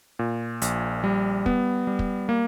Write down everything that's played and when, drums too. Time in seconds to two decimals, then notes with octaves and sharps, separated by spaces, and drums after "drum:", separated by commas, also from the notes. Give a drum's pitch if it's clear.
0.19 A#2
0.62 A#1, drum: hi-hat
1.04 G3
1.46 B3, drum: kick
1.87 G3
1.99 drum: kick
2.29 A#3